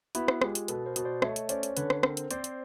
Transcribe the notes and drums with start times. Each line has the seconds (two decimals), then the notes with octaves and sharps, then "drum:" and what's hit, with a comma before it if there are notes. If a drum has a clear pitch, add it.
0.15 B3 E4 F#4, drum: hi-hat
0.28 drum: rim click
0.42 G#3 F4 G4, drum: rim click
0.55 drum: hi-hat
0.68 B2 A4 B4, drum: hi-hat
0.86 A#4 C5
0.96 B2, drum: hi-hat
1.05 C5 D5
1.22 A3 C#5 D#5, drum: rim click
1.36 drum: hi-hat
1.49 C#4 C5 D5, drum: hi-hat
1.63 drum: hi-hat
1.77 D3 B4 C#5, drum: hi-hat
1.90 drum: rim click
2.03 C4 A#4 C5, drum: rim click
2.17 drum: hi-hat
2.31 C4 C5 D5, drum: hi-hat
2.44 drum: hi-hat